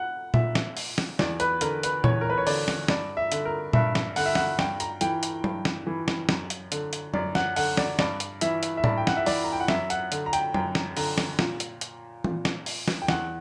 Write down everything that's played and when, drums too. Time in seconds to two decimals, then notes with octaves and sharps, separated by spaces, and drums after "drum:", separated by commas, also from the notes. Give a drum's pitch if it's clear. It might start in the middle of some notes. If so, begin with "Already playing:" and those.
Already playing: F#5
0.34 A#2 E5, drum: tom A#2
0.55 drum: snare
0.77 drum: open hi-hat
0.98 drum: snare
1.19 E2 D5, drum: snare
1.40 B4, drum: hi-hat
1.61 D3 A#4, drum: hi-hat
1.83 B4, drum: hi-hat
2.04 E2 C#5, drum: tom A#2
2.21 A#4
2.30 B4
2.38 C#5
2.47 D3 D5, drum: open hi-hat
2.68 drum: snare
2.88 G2 D5, drum: snare
3.17 E5
3.32 D3, drum: hi-hat
3.45 A#4
3.73 G2 E5, drum: tom A#2
3.95 drum: snare
4.16 D3 F#5, drum: open hi-hat
4.26 E5
4.35 F#5, drum: snare
4.59 G2 G5, drum: snare
4.80 A#5, drum: hi-hat
5.01 E3 G5, drum: hi-hat
5.23 drum: hi-hat
5.44 G2, drum: tom F#3
5.65 drum: snare
5.87 E3
6.08 drum: snare
6.29 F#2, drum: snare
6.50 drum: hi-hat
6.72 D3, drum: hi-hat
6.93 drum: hi-hat
7.14 F#2 D5, drum: tom F#3
7.35 F#5, drum: snare
7.56 D3 F#5, drum: open hi-hat
7.77 D5, drum: snare
7.99 G2 D5, drum: snare
8.20 drum: hi-hat
8.41 E3 E5, drum: hi-hat
8.63 drum: hi-hat
8.77 E5
8.84 G2 D5, drum: tom A2
8.97 G5
9.07 F#5, drum: snare
9.17 E5
9.26 E3 D5, drum: open hi-hat
9.44 A#5
9.52 G5
9.60 F#5
9.68 F#2 E5, drum: snare
9.90 F#5, drum: hi-hat
10.12 D3, drum: hi-hat
10.26 A#5
10.33 G5, drum: hi-hat
10.54 F#2 G5, drum: tom F#3
10.75 drum: snare
10.97 D3 A#5, drum: open hi-hat
11.18 drum: snare
11.39 A#2, drum: snare
11.60 drum: hi-hat
11.81 drum: hi-hat
12.24 A#2, drum: tom E3
12.45 drum: snare
12.66 drum: open hi-hat
12.88 drum: snare
13.02 G5
13.08 E2 F#5, drum: snare